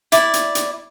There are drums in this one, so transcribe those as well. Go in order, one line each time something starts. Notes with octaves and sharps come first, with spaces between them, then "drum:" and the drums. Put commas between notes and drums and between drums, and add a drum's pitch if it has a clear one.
E4 D5, drum: hi-hat
drum: hi-hat
drum: hi-hat